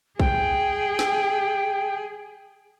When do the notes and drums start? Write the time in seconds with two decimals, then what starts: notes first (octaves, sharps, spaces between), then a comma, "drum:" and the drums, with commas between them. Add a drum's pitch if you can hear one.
0.20 G#4 G5, drum: kick A#1
0.99 drum: snare